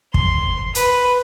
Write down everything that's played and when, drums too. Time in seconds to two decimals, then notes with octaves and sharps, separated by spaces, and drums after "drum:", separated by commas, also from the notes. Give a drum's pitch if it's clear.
0.14 C6, drum: kick
0.75 B4, drum: hi-hat